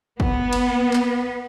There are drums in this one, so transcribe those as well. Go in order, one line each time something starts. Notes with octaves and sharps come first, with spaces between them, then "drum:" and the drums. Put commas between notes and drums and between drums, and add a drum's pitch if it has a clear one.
B3, drum: kick
drum: cymbal
drum: clap